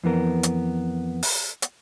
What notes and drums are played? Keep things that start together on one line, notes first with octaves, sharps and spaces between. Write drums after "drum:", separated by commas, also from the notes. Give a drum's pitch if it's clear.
F2 E3 B3 A#4
drum: hi-hat
drum: open hi-hat
drum: hi-hat